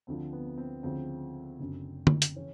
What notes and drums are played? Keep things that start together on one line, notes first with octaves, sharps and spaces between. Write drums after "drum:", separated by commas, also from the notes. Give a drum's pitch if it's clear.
D2 D3 F3 C4
B3
C4
D2 C#3 F3 C4
F#1 F#2 D3
drum: tom
drum: hi-hat
C#3 E3 C#4